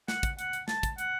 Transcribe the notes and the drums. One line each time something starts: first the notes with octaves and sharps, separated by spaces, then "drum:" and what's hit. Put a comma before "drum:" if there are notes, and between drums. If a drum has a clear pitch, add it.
F#5, drum: snare
drum: kick, hi-hat
F#5, drum: hi-hat
drum: hi-hat
A5, drum: snare
drum: kick, hi-hat
F#5, drum: hi-hat